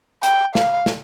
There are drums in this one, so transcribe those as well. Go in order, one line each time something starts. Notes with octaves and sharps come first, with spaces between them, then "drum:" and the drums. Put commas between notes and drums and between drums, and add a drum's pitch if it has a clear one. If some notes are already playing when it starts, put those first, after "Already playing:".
G5, drum: hi-hat
F5, drum: snare
drum: snare